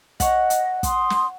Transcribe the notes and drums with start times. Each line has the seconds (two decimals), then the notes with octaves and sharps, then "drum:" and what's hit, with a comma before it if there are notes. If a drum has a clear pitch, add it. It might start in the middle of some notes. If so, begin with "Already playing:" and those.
0.20 C#5 D#5 F#5, drum: kick, hi-hat
0.50 drum: hi-hat
0.83 C6 D#6, drum: kick, hi-hat
1.10 drum: snare